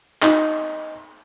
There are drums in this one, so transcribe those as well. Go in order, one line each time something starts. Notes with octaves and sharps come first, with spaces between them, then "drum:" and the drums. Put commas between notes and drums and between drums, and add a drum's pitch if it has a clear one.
D#4, drum: clap